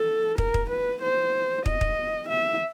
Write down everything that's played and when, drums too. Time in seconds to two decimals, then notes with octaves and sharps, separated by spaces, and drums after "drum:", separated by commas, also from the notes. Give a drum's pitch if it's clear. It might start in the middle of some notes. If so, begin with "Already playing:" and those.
Already playing: A4
0.38 A#4, drum: kick
0.54 drum: kick
0.70 B4
1.02 C5
1.66 D#5, drum: kick
1.81 drum: kick
2.29 E5